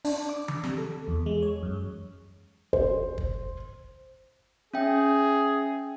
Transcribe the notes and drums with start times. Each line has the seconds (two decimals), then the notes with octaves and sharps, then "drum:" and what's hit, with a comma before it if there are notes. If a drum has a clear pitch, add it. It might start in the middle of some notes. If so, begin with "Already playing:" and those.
0.05 D4, drum: open hi-hat
0.29 D6
0.48 drum: tom D#3
0.64 C3, drum: snare
0.78 A4
1.08 E2
1.26 G#3
1.42 C#5
1.63 F#2
2.73 C5, drum: kick
3.18 drum: kick
4.74 C#4 G#4 E5 G5